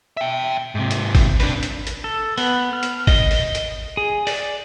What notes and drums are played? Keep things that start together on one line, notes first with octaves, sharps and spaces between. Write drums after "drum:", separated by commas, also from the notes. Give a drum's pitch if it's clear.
E5 G5
G#2 C3
drum: hi-hat
drum: kick, open hi-hat
D4 B4, drum: open hi-hat
drum: hi-hat
drum: hi-hat
A4
B3, drum: open hi-hat
F6
drum: hi-hat
D#5, drum: kick, open hi-hat
drum: open hi-hat
drum: hi-hat
G#4
D5, drum: open hi-hat